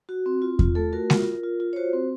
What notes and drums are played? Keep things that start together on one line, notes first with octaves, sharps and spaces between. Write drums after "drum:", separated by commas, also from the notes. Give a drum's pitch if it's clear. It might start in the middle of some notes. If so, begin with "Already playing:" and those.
F#4
C4
F4
F4, drum: kick E2
A3 A4
F#4 A#4
F4, drum: snare G#3
F4
F4
F4
C#5
F#4 C5
C4